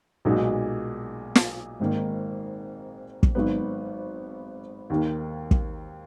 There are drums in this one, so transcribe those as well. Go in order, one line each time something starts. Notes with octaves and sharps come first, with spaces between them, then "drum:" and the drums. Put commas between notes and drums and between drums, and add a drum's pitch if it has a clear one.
B1 A#2 G#3 D#4 F#4
drum: snare
G#1 G#2 D#3 A#3
drum: kick
G#1 G#2 F#3 B3
D#2 D#3 A#3
drum: kick